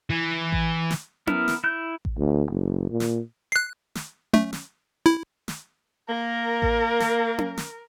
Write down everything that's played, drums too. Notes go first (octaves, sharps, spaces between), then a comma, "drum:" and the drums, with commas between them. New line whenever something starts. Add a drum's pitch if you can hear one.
E3
drum: kick A1
drum: snare
B3 E4 A#4, drum: tom C#4
drum: snare
E4 G6
drum: kick A1
D2
F#1
A#2
drum: snare
F#6 C7
drum: snare
A3, drum: tom C#4
drum: snare
E4
drum: snare
A#3 A#4
drum: kick A1
drum: snare
drum: tom C#4
drum: snare